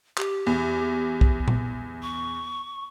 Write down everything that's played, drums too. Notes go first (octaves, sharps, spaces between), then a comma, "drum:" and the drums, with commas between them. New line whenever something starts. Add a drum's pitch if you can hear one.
G4, drum: clap
E2
drum: kick
drum: tom A#2
C#6